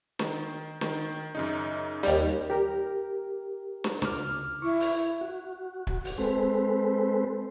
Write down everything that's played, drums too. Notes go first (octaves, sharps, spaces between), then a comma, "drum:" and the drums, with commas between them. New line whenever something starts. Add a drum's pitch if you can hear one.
D#3, drum: snare
D#3, drum: snare
F#2 C#3 D#4
D#2 G3, drum: open hi-hat
G4 A#4
drum: snare
C#2 D6 F6, drum: snare
E4 C#6
drum: open hi-hat
F#4
drum: kick
drum: open hi-hat
G#3 C4 A4 B4 C5